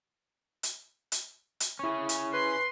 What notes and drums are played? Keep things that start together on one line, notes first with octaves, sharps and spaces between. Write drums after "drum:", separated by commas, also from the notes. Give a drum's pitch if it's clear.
drum: hi-hat
drum: hi-hat
drum: hi-hat
C#4 E4 G#4 C#6
drum: hi-hat
B4 C6